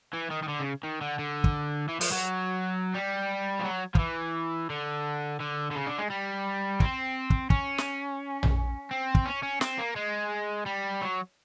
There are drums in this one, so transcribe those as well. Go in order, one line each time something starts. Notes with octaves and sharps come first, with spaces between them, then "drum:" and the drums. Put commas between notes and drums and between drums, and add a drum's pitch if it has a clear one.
E3
D#3
D#3
D3
C#3
D#3
D3
D3
drum: kick
E3
F3, drum: open hi-hat
F#3
G3
F3
F#3
F3, drum: kick
E3
D3
D3
D3
C#3
D3
G#3
G3
C4, drum: kick
drum: kick
C#4, drum: kick
drum: snare
drum: tom A#1
C4
drum: kick
C#4
C#4
C4, drum: snare
A#3
G#3
G3
F#3